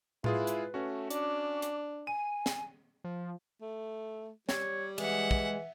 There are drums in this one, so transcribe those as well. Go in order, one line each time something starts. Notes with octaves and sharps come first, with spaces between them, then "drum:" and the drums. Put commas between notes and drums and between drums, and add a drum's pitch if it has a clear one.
G#3 E4 F4 G#4 B4, drum: tom A2
drum: hi-hat
A3 C#4 F#4
D4 D6, drum: hi-hat
drum: hi-hat
G#5 D#7
drum: snare
F3
A3
G3 C#5, drum: snare
E3 G#3 E5 F#5, drum: cymbal
drum: kick